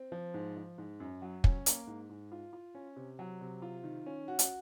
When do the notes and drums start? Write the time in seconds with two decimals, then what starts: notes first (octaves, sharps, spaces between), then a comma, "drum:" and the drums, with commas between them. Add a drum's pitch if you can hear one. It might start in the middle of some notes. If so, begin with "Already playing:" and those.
Already playing: C4
0.12 F3
0.34 G#2
0.57 F3
0.78 G#2
1.00 F#2
1.22 F#3
1.44 C#4, drum: kick
1.66 A#3, drum: hi-hat
1.87 G#2
2.09 G#2
2.32 F4
2.53 F4
2.75 C#4
2.96 C3
3.19 F#3
3.41 C3
3.62 F4
3.84 D#3
4.06 C#4
4.28 F#4
4.39 drum: hi-hat